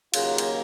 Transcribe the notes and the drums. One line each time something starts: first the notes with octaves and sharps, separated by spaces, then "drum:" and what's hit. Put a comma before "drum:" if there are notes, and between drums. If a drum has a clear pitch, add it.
D#2 C#3 F#3 A#3 F4 G#4, drum: cymbal
drum: cymbal